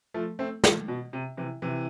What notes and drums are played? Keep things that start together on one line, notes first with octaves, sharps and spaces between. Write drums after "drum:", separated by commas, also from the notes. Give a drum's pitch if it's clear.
F3 A3
A3 C4
F3 A3, drum: snare
B2
C3
C3 E3
C3 E3